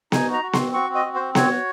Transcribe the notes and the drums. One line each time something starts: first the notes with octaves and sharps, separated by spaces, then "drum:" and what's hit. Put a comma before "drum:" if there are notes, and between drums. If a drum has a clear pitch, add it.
D#4 G#5, drum: snare B3
F#4 A#5
F#4
C4 C6, drum: snare B3
F#4 C#6
C4 D#5
F#4
C4 C5
F#4 C#5, drum: snare B3
F#4